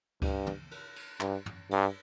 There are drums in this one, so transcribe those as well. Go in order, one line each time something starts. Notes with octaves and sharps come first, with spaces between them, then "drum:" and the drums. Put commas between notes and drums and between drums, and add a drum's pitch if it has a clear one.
G2, drum: kick C#2, cymbal
drum: tom
drum: cymbal
drum: cymbal
G2, drum: clap
drum: tom
G2, drum: cymbal